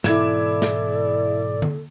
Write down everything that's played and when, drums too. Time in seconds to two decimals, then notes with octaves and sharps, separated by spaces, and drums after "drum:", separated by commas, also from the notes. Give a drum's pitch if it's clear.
0.04 G#2 B2 E3 E4 A4 D5 G#6 E7, drum: snare
0.62 drum: snare
1.62 drum: tom D3